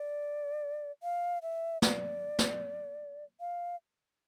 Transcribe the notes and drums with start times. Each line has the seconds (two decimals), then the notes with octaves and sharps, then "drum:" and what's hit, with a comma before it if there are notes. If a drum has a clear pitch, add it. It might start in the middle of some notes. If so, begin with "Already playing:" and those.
Already playing: D5
1.03 F5
1.42 E5
1.82 D5, drum: snare
2.39 drum: snare
3.40 F5